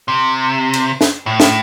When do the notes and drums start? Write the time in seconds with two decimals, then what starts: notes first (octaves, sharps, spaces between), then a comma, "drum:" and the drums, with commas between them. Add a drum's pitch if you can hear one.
0.08 C3
0.74 drum: cymbal
1.01 drum: snare
1.26 A2
1.40 drum: snare